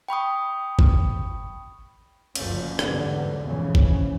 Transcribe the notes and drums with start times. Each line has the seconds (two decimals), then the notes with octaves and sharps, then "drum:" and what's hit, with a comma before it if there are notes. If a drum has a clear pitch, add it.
0.08 G5 B5 C#6 D#6
0.79 drum: kick G1
2.35 F#1 D2 F3 C#4, drum: cymbal
2.79 E2 G#2 D3 F#3 G3 B3, drum: rim click
3.43 B1 F2 G#2 C#3 E3 C#4
3.75 drum: kick G1